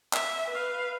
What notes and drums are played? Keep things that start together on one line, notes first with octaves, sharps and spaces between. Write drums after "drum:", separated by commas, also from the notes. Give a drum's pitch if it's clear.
E5, drum: clap
B4 F5